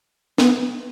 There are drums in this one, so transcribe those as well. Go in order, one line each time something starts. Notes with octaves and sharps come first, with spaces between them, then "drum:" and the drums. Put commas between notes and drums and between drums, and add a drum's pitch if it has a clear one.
B3, drum: snare